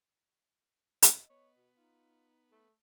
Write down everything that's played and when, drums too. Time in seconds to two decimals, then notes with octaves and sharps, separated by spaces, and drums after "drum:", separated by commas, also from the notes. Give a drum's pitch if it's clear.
1.02 C#3 A3 D#5, drum: hi-hat
1.30 B3 C#5
1.57 B2
1.77 D#4 F4
2.52 A3